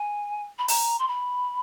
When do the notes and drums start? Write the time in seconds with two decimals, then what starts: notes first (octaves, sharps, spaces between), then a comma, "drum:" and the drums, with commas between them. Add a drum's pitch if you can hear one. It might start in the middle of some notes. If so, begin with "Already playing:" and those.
Already playing: G#5
0.58 B5
0.68 A#5, drum: open hi-hat
0.99 C6
1.08 B5